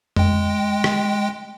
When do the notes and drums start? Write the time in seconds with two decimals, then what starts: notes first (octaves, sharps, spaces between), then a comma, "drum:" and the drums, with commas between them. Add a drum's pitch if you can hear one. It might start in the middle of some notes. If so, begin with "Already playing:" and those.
0.16 G#3 G5, drum: tom F2
0.84 drum: rim click